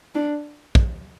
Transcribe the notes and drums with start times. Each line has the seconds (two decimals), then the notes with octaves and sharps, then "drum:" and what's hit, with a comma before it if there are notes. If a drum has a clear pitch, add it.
0.15 D4
0.75 drum: kick